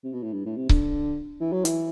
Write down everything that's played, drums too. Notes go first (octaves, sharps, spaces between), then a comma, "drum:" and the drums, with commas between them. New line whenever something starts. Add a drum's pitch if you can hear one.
C3
B2
A2
G2
A2
C3
D3, drum: kick C#1
E3
F#3
E3, drum: hi-hat